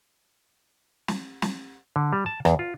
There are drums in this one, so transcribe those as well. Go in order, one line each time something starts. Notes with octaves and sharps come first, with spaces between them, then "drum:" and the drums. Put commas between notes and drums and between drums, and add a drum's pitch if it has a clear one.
drum: snare
drum: snare
D3
G3
A5
E2, drum: rim click
F4